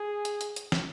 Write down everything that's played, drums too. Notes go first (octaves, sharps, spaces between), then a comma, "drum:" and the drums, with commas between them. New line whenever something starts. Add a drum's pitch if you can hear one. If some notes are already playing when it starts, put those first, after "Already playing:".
Already playing: G#4
drum: hi-hat
drum: hi-hat
drum: hi-hat
drum: snare